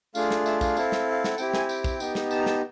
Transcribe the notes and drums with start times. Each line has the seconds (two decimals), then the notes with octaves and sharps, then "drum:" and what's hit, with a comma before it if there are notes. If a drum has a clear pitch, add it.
0.15 A3 D4 F4 G#4 F5, drum: tambourine
0.31 drum: snare
0.46 E5, drum: tambourine
0.61 F5, drum: kick, tambourine
0.77 C4 E4 A4, drum: tambourine
0.92 drum: snare
1.11 F5
1.24 F#5, drum: snare
1.38 C4 E4 G4 G5, drum: tambourine
1.54 G#5, drum: snare
1.69 G5, drum: tambourine
1.84 drum: kick, tambourine
2.00 B3 D#4 G4, drum: tambourine
2.15 drum: snare
2.31 A5, drum: tambourine
2.41 A#5
2.46 A5, drum: snare